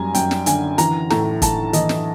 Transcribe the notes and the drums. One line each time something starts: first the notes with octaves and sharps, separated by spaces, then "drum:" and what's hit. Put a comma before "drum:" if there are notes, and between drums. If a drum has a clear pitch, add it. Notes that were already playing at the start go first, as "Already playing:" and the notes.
Already playing: F#2 G3 G#5 A#5
F#2 G5, drum: hi-hat
drum: snare
D3 G#5, drum: hi-hat
E3 A#5, drum: hi-hat
A2 A#5, drum: snare
A2 A5, drum: kick, hi-hat
E3 D#5, drum: hi-hat
drum: snare